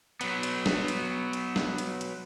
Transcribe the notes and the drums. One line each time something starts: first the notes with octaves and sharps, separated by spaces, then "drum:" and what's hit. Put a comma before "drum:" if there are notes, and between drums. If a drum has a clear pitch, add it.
F#3 B3, drum: hi-hat
drum: hi-hat
drum: snare
drum: hi-hat
drum: hi-hat
drum: snare
drum: hi-hat
drum: hi-hat